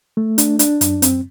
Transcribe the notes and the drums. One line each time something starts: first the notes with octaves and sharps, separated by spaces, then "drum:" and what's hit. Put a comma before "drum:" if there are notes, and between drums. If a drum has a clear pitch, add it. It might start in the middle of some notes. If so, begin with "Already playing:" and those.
A3
D4, drum: hi-hat
D4, drum: hi-hat
F#2, drum: hi-hat
C4, drum: hi-hat